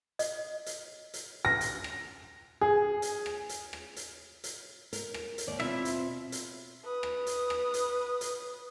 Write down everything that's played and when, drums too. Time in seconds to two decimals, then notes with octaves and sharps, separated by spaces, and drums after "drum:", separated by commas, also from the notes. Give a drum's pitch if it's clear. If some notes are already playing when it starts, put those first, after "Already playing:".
0.19 D#5, drum: hi-hat
0.66 drum: hi-hat
1.14 drum: hi-hat
1.45 A#6
1.61 drum: hi-hat
1.84 drum: rim click
2.61 G#4
3.02 drum: hi-hat
3.26 drum: rim click
3.49 drum: hi-hat
3.73 drum: rim click
3.96 drum: hi-hat
4.44 drum: hi-hat
4.93 A#4, drum: hi-hat
5.14 drum: rim click
5.38 drum: hi-hat
5.47 D#2 C#5 D5
5.60 B2 C4 E4 F4 E5, drum: rim click
5.85 drum: hi-hat
6.32 drum: hi-hat
6.84 B4 D#6
7.03 drum: rim click
7.27 drum: hi-hat
7.50 drum: rim click
7.74 drum: hi-hat
8.21 drum: hi-hat